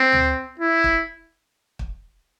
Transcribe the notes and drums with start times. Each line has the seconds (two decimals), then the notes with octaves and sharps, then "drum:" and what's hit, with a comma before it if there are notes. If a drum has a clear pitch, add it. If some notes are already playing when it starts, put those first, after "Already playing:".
Already playing: C4
0.12 drum: tom D2
0.60 E4
0.84 drum: kick
1.79 drum: kick